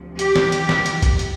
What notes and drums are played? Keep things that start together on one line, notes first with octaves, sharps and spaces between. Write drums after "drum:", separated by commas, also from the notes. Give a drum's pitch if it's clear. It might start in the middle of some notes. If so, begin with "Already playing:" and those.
Already playing: D2 C3 F3
G4, drum: hi-hat
drum: snare
drum: hi-hat
drum: snare
drum: hi-hat
drum: kick A1, hi-hat
drum: hi-hat